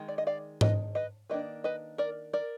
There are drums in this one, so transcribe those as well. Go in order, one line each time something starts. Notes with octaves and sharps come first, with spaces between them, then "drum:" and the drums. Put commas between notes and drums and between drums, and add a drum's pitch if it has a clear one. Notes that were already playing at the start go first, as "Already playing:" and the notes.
Already playing: D#3 G#3
D5
D#5
D5 F5
B4 D#5, drum: tom G#2
B4 D#5
D#3 A#3 D4 B4 D#5
B4 D#5
A#4 D5
A#4 D5